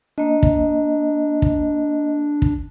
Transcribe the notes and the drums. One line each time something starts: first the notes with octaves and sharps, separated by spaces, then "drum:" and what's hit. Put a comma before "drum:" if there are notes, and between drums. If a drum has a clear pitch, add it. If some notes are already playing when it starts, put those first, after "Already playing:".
A#3 D4 D#5
drum: kick
drum: kick
drum: kick